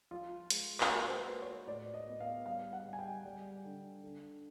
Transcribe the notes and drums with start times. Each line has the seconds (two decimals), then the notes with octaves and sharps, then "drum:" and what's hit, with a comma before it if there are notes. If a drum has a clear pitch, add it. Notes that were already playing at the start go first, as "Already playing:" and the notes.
0.11 F3 F4
0.50 G#3, drum: hi-hat
0.81 drum: clap
0.90 A#3 F#4
1.08 C5
1.16 B4
1.28 A#3
1.42 C#5
1.67 A2 D5
1.94 D#5
2.08 B3
2.20 F5
2.46 G3 F5
2.73 F#5
2.86 G3
2.93 G#5
2.99 G5
3.25 G3
3.64 D3
4.03 D3